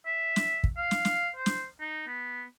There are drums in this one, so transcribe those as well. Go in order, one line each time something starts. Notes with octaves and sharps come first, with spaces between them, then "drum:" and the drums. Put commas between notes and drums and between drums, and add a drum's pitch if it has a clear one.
E5
drum: snare
drum: kick
F5
drum: snare
drum: snare
C5
drum: snare
D#4
B3